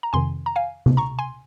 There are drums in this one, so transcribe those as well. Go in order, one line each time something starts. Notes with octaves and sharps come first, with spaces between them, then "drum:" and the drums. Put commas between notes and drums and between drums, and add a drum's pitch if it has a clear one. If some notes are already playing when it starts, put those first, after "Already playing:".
A#5
F2 C3 D#3 G#5 C6
A#5
F5 G#5
drum: tom C3
A#5 C#6
G#5 C6